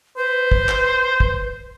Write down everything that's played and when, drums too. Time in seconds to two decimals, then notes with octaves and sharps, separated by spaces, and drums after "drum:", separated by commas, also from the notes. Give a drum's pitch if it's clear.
0.17 B4 C5
0.52 drum: kick
0.69 drum: clap
1.20 drum: kick